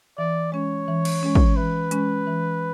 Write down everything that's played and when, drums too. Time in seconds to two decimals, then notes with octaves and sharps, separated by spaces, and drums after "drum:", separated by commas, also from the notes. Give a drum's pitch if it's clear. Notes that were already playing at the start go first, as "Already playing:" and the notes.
0.18 E3 D5
0.52 G#3 C#4 C#5
0.88 E3
1.05 drum: cymbal
1.23 G#3 C#4
1.35 drum: kick
1.56 E3 B4
1.91 G#3 C#4, drum: hi-hat
2.27 E3